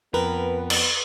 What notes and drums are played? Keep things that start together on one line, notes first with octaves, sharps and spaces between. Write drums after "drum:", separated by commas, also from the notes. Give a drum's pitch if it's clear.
F2 B3 A#4 B4
drum: cymbal